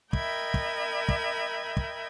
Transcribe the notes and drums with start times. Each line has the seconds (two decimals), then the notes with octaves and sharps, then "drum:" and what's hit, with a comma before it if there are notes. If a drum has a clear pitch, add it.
0.13 A#4 D#5 E5 G5 B5 G#6, drum: kick
0.54 drum: kick
1.09 drum: kick
1.77 drum: kick